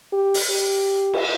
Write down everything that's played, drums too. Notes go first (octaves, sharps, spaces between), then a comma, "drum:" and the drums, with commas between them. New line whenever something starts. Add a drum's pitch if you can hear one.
G4
drum: open hi-hat
G4
drum: cymbal